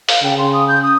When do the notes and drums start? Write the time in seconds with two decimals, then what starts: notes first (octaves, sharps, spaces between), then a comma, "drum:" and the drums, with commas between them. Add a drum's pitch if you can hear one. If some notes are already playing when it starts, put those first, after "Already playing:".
0.09 F5, drum: open hi-hat
0.23 C#3 G5
0.38 C6
0.53 D#6
0.68 G6
0.82 D#6